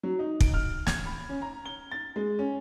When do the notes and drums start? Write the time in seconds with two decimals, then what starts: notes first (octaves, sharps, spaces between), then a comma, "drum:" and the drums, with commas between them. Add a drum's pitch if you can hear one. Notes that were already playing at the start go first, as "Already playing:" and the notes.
0.03 F#3
0.19 D#4
0.40 D7, drum: kick
0.54 F6
0.87 G#6, drum: snare
1.06 B5
1.29 C#4
1.42 A#5
1.65 G7
1.91 A6
2.16 G#3
2.39 C#4